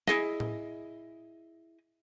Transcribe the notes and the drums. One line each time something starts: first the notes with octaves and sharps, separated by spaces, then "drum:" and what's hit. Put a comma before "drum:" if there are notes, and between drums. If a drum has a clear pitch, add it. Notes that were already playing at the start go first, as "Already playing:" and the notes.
E4 G#4 D#5, drum: snare
drum: tom A2